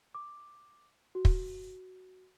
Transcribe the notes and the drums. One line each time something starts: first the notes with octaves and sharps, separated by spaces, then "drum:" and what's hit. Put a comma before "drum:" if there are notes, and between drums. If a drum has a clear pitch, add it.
D6
F#4
drum: kick